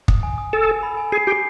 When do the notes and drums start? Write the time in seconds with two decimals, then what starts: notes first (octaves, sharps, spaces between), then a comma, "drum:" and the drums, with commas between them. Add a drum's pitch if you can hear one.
0.08 D#6, drum: kick
0.23 G#5
0.38 D#6
0.53 A4 G#5
0.68 G#5
0.83 B5
0.97 G#5
1.12 G#4 C7
1.27 G4 C7